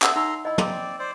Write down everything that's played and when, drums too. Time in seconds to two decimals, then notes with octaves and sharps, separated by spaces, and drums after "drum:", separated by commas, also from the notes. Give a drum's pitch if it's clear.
0.02 B3 A4 D5 E5 F#5, drum: clap
0.16 D#4 A4 A#5 C6
0.45 E4 D#5 B5
0.58 C4 D5 A#5 C6 D6, drum: tom
0.99 C5 D5